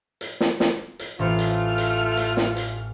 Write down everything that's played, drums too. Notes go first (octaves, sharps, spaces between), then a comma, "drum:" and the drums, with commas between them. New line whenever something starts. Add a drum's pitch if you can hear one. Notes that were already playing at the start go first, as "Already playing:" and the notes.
drum: hi-hat
drum: snare
drum: snare
drum: hi-hat
A1 A3 F4 C5 F6 C#7
drum: hi-hat
drum: hi-hat
drum: hi-hat
drum: snare
drum: hi-hat